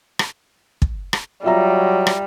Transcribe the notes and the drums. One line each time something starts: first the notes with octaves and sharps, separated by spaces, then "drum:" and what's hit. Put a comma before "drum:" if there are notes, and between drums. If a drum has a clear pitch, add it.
drum: rim click
drum: kick
drum: rim click
F#3 G3 F4 E5 A#5
drum: rim click